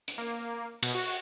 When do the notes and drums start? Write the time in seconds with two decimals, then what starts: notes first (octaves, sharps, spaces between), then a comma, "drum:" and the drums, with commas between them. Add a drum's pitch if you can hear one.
0.08 drum: hi-hat
0.18 A#3
0.83 B2, drum: cymbal
0.95 F#4